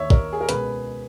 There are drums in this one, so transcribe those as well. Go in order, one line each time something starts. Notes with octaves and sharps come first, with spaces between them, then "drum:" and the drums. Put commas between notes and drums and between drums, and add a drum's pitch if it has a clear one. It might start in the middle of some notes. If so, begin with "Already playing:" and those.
Already playing: D#2 D#3 C#5 E5
A#4 C#5, drum: kick
G#4
A#4
C#2 B2 G#4 B4, drum: hi-hat